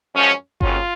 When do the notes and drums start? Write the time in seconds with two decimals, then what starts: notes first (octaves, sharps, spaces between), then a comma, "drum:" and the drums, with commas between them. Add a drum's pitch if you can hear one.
0.14 F#2 F3 G#3 C#4
0.61 F2 C#3 F#3 A#3 C#4 F4, drum: kick G1